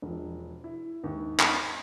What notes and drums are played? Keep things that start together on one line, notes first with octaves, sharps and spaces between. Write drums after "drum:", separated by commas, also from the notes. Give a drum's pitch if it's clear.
E1 F3
E4
D#2 G#2
drum: clap